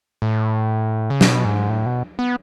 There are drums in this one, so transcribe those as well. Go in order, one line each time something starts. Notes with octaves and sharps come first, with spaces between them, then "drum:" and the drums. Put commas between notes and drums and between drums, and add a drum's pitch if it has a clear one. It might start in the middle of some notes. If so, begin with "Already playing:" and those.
A2
C#3
B2, drum: snare
G#2
A2
B2
B3